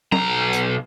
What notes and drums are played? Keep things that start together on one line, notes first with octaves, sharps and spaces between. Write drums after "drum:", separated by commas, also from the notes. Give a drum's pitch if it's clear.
B1 A#5, drum: tom F#3
drum: hi-hat